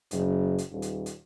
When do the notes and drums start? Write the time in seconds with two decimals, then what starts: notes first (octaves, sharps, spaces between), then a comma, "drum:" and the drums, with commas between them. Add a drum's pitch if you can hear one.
0.11 F#1, drum: hi-hat
0.59 drum: hi-hat
0.71 D#1
0.82 drum: hi-hat
1.06 drum: hi-hat